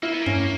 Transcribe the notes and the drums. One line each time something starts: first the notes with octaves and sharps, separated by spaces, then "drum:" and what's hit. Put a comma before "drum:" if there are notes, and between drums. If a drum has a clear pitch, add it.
A#3 E4
B3
A#3
C#4, drum: tom G2